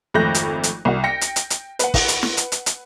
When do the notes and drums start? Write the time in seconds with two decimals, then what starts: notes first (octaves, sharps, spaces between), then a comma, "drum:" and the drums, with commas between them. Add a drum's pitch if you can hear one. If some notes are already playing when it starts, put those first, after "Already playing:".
0.14 G#1 F2 A3 F#6 G6 A#6
0.35 drum: hi-hat
0.63 drum: hi-hat
0.85 C2 F#4
1.04 G5 A#6 C#7
1.21 drum: hi-hat
1.36 drum: hi-hat
1.50 drum: hi-hat
1.79 B4 F#5, drum: hi-hat
1.94 drum: kick, open hi-hat
2.08 drum: hi-hat
2.23 drum: snare
2.37 drum: hi-hat
2.52 drum: hi-hat
2.66 drum: hi-hat